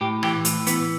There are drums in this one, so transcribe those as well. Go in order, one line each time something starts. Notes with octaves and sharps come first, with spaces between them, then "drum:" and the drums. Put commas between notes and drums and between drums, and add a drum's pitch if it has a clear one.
A2 G4
E3 G4, drum: rim click
A2, drum: hi-hat
E3 B3, drum: hi-hat